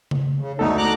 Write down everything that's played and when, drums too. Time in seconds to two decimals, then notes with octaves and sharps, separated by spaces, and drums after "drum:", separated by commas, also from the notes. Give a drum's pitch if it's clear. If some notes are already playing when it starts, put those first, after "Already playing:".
0.11 drum: tom C#3
0.40 C#3
0.59 D2 A3 D#4 A4
0.78 A#5 D6 F#6